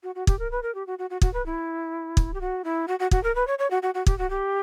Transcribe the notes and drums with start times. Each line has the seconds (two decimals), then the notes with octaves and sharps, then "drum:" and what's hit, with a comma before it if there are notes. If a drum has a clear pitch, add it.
0.03 F#4
0.15 F#4
0.27 G4, drum: kick
0.39 A#4
0.51 B4
0.63 A#4
0.75 G4
0.87 F#4
0.99 F#4
1.10 F#4
1.22 F#4, drum: kick
1.34 B4
1.46 E4
2.17 drum: kick
2.34 G4
2.41 F#4
2.64 E4
2.88 F#4
2.99 F#4
3.11 F#4, drum: kick
3.23 A#4
3.35 B4
3.47 C#5
3.59 C#5
3.71 F#4
3.83 F#4
3.94 F#4
4.06 G4, drum: kick
4.18 F#4
4.30 G4